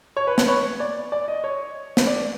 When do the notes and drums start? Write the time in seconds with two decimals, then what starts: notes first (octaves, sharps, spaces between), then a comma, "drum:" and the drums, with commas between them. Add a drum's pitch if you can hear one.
0.17 C#5
0.27 B4
0.38 B4, drum: snare
0.48 C#5
0.80 D5
1.12 D5
1.28 D#5
1.44 C#5
1.97 drum: snare
2.07 D5